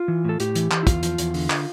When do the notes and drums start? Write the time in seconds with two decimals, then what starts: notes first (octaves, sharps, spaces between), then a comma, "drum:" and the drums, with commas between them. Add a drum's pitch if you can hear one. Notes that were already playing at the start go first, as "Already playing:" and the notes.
Already playing: F4
0.08 E3
0.25 A2 A4
0.40 A2 G4, drum: hi-hat
0.55 E3, drum: hi-hat
0.71 E3, drum: clap
0.83 E4
0.87 E2 F4, drum: kick, hi-hat
1.03 F3, drum: hi-hat
1.18 E2, drum: hi-hat
1.34 D3, drum: open hi-hat
1.50 drum: clap